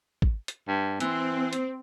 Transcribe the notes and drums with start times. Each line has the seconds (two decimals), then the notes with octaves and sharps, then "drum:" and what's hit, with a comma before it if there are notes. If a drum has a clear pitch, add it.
0.22 drum: kick
0.48 drum: hi-hat
0.68 G2
1.00 E3 C4, drum: hi-hat
1.53 drum: hi-hat